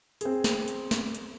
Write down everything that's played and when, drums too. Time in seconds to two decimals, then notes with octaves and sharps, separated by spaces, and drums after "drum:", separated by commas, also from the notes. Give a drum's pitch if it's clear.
0.21 C4 G#4, drum: hi-hat
0.44 drum: snare
0.68 drum: hi-hat
0.91 drum: snare
1.15 drum: hi-hat